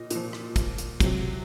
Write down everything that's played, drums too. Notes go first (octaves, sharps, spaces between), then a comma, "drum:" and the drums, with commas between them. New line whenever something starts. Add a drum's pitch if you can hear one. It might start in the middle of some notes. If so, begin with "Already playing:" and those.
Already playing: A#2 D#5
A#2 F3, drum: hi-hat
drum: rim click
drum: kick, hi-hat
drum: hi-hat
C3 F#3, drum: kick, hi-hat